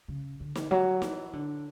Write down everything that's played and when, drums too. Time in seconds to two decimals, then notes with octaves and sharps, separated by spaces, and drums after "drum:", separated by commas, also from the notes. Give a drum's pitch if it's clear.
0.08 C#3
0.40 D3
0.55 drum: snare
0.71 F#3
1.02 E3, drum: snare
1.33 D3